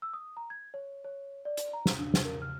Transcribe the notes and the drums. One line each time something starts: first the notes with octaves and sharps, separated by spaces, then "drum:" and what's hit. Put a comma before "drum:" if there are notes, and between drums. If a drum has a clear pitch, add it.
E6
D#6
A#5
G#6
C#5
C#5
D5
drum: hi-hat
A#5
drum: snare
D4
drum: snare
A#4
F6